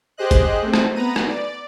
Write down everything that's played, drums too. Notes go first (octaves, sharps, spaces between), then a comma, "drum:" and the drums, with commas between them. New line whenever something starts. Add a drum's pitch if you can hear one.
G4 G#4 C5 D#5 F#6
drum: kick, hi-hat
A3 C4
drum: rim click
B3 B4 A#5 D#7
drum: rim click
D5